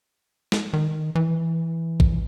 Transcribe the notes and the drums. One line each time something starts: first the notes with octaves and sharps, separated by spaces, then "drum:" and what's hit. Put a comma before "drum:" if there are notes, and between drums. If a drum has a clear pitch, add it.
drum: snare
D#3
E3
drum: kick